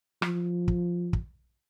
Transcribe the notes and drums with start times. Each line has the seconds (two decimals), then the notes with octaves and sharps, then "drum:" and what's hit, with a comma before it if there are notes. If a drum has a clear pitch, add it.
0.22 F3, drum: rim click
0.68 drum: kick
1.13 drum: kick